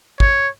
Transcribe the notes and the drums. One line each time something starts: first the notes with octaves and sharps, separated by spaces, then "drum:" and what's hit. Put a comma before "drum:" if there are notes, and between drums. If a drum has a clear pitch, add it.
C#5, drum: kick